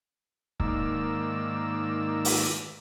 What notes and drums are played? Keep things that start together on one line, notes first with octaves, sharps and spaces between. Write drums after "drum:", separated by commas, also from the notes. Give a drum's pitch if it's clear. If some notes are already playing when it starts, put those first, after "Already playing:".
G#2 D#3 A#3 D5 E6, drum: kick C#1
drum: open hi-hat